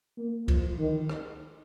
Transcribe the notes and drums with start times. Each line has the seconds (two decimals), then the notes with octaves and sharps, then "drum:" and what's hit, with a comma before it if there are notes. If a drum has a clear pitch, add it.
0.18 A#3
0.48 F3, drum: kick, cymbal
0.78 D#3
1.09 drum: rim click